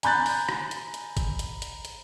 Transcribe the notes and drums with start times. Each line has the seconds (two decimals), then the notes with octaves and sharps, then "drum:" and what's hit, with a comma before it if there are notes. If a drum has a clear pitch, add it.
0.03 G#5 A#5 B5 F#6 G6 A6, drum: hi-hat
0.26 drum: open hi-hat
0.49 drum: rim click
0.71 drum: hi-hat
0.94 drum: hi-hat
1.17 drum: kick, hi-hat
1.39 drum: hi-hat
1.62 drum: hi-hat
1.85 drum: hi-hat